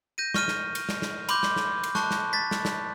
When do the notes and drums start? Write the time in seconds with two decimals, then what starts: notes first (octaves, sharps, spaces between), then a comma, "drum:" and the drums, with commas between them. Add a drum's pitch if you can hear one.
0.18 G6 A#6 D#7
0.34 C#6 F6 D#7, drum: snare
0.48 drum: snare
0.75 drum: cymbal
0.89 drum: snare
1.02 drum: snare
1.29 B5 C6 D6 G6, drum: cymbal
1.43 drum: snare
1.56 drum: snare
1.84 drum: cymbal
1.95 A5 C#6 F#6, drum: snare
2.11 drum: snare
2.33 A6 B6
2.51 drum: snare
2.65 drum: snare